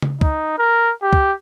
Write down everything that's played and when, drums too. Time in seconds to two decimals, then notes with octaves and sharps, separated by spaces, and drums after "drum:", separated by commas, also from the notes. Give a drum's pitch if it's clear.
0.02 drum: tom C#3
0.21 D#4, drum: kick
0.58 A#4
1.02 G4
1.13 drum: kick